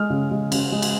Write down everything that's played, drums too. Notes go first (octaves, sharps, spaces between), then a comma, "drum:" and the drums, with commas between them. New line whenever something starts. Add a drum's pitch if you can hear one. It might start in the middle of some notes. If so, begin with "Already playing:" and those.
Already playing: G#3 F6
C#3
G#3
C#3, drum: cymbal
G#3
drum: cymbal